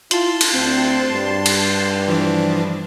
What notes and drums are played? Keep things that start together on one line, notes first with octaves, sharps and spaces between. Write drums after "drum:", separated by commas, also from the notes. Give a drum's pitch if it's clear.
E4 F4 A5 C6, drum: hi-hat
drum: cymbal
D2 C4
G2
drum: cymbal
E3 F3 D4